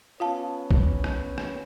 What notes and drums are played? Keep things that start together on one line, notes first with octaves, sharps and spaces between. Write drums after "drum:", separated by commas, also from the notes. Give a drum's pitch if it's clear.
B3 C#4 F4 F5 A5
drum: kick
drum: rim click
drum: rim click